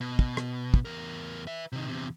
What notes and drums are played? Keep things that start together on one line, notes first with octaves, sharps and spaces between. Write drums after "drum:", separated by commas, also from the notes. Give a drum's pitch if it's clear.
B2
drum: kick
drum: rim click
drum: kick
E2 A#4
B4 E5
C3 D#3
E2 C3